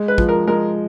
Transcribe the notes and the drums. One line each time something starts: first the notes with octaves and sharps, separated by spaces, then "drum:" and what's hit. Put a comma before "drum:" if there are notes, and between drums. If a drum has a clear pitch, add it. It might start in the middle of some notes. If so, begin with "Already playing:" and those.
Already playing: G#3
B4
F3, drum: kick
A#4
G#3 A#4